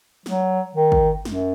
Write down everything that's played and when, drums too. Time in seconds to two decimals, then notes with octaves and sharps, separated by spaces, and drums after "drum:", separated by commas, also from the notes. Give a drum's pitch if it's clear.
0.26 F#3, drum: snare
0.75 D#3
0.92 drum: kick
1.25 F#2, drum: snare